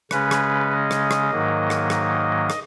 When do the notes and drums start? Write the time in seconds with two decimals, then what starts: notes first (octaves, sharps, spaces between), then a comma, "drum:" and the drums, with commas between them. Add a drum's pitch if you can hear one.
0.11 C#3 G#3 C#4 B4, drum: rim click
0.31 drum: rim click
0.71 D#5
0.91 drum: rim click
1.11 drum: rim click
1.30 G#2 D#3 F#3 A#3
1.70 drum: rim click
1.90 drum: rim click
2.50 drum: rim click